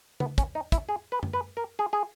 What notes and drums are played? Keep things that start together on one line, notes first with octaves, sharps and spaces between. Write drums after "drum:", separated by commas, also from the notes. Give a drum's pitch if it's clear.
B3, drum: tom C#3
C#4, drum: kick, hi-hat
D#4
E4, drum: kick, hi-hat
G#4
B4
drum: tom F#2
B4
A#4
G#4
G#4